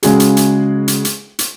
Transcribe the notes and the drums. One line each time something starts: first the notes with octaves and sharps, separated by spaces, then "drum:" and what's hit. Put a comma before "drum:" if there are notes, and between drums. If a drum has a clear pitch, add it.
C#3 G#3 F#4 G#4, drum: hi-hat
drum: hi-hat
drum: hi-hat
drum: hi-hat
drum: hi-hat
drum: hi-hat